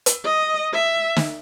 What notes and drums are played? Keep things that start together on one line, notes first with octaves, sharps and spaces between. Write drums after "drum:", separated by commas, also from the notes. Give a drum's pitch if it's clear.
drum: hi-hat
D#5
E5
drum: snare